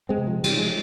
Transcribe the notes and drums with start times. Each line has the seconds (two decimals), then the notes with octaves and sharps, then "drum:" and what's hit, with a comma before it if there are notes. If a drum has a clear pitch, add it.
0.09 G#3 C4
0.18 C3
0.27 F3
0.44 C3 E3 G3, drum: cymbal
0.57 F3 G#3